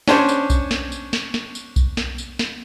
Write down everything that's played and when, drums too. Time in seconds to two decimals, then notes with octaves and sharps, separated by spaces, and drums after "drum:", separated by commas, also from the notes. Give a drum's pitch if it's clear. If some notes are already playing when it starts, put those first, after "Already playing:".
0.08 C#4 D4 C5 C#5, drum: snare
0.29 drum: tambourine
0.50 drum: kick B1, tambourine
0.71 drum: snare
0.92 drum: tambourine
1.13 drum: snare
1.34 drum: snare
1.55 drum: tambourine
1.76 drum: kick B1, tambourine
1.97 drum: snare
2.18 drum: tambourine
2.39 drum: snare